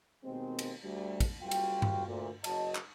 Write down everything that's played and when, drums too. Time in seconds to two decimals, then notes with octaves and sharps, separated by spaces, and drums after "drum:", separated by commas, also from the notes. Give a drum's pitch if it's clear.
0.24 D#2 B2 D#3 G#3 C4
0.59 drum: cymbal
0.83 D2 G3
1.20 drum: kick, cymbal
1.42 F#1 G3 F4 F#4 G5
1.51 drum: cymbal
1.82 drum: tom G2
2.07 D2 A#2
2.44 F#1 F#3 D#5 A5, drum: cymbal
2.75 drum: clap